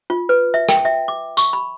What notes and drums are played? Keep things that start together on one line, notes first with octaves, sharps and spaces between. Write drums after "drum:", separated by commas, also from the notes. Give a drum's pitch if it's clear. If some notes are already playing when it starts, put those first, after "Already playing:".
F4
B4
E5
G5, drum: rim click
E5
D6
C#6, drum: tambourine
B5